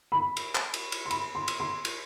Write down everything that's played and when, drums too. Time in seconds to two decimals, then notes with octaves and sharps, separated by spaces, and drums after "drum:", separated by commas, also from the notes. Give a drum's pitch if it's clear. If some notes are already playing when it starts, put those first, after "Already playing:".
0.12 B5
0.37 drum: cymbal
0.55 drum: clap
0.74 drum: cymbal
0.92 drum: cymbal
1.05 C6
1.10 B5, drum: cymbal
1.35 C6
1.48 drum: cymbal
1.60 C6
1.85 drum: cymbal